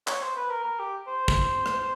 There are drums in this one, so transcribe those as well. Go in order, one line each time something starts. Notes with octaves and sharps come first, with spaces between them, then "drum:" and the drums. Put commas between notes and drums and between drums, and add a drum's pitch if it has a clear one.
C#5, drum: clap
C5
B4
A#4
A#4
G4
C5
drum: kick
drum: rim click